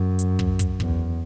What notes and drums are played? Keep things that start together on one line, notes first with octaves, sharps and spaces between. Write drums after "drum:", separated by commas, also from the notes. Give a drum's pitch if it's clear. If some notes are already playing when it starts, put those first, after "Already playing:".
Already playing: F#2
drum: hi-hat
drum: kick
drum: kick, hi-hat
E2, drum: kick